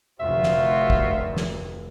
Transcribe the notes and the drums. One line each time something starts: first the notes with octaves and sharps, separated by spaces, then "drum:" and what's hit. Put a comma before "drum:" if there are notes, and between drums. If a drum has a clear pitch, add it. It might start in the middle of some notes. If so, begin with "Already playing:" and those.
F1 D2 F4 F#4 C5 E5
drum: snare
drum: kick
drum: snare